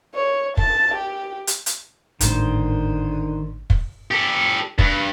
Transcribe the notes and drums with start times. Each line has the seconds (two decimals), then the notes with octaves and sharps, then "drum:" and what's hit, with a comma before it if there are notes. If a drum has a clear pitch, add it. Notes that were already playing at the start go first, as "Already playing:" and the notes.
0.15 C#5
0.57 A5, drum: kick
0.94 G4
1.47 drum: hi-hat
1.66 drum: hi-hat
2.21 G#1 A2 D3 D#3 G3 C5, drum: hi-hat
3.70 drum: kick
4.11 G4 A4
4.79 G2, drum: kick